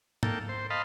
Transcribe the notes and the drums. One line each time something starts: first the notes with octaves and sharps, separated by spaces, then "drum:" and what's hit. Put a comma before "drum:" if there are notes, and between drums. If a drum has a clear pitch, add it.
A#3 A4 G5, drum: tom G#2
C5
D#5 F5 A5 B5 C6